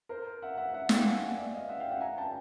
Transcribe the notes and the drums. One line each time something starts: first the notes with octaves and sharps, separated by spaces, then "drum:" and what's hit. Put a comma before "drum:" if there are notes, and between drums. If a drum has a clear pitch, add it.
A#4 C5
E5 F#5
E5 F#5
E5 F#5
F5 G5, drum: snare
F#5 G#5
D5 E5
D#5 F5
E5 F#5
F5 G5
E5 F#5
G#5 A#5
G5 A5